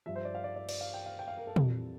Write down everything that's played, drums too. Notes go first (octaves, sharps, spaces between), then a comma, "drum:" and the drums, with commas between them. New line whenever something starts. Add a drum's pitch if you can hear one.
G2 F3 E5
C5
D5
F5
D5
D5
D5, drum: cymbal
F5
G5
F5
G5
F5
A#4
A4
F2 E3 G3, drum: tom